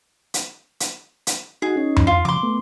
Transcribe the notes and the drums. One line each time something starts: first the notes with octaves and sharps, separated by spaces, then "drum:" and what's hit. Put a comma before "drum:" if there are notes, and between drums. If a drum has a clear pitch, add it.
drum: hi-hat
drum: hi-hat
drum: hi-hat
D#4 F#4 G#4
C#4 D#4
drum: tom F2
F4
C#3 F3 C6 D6
A3 B3